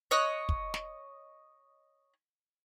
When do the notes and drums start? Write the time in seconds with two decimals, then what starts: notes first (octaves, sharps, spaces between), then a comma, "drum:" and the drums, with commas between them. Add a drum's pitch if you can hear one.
0.11 C#5 D#5 F#6
0.49 drum: kick
0.74 drum: snare